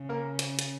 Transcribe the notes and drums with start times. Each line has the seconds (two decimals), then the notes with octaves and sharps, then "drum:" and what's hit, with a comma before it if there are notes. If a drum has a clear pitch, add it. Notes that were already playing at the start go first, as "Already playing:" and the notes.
Already playing: C#3
0.09 A#3 A#4
0.39 drum: hi-hat
0.59 drum: hi-hat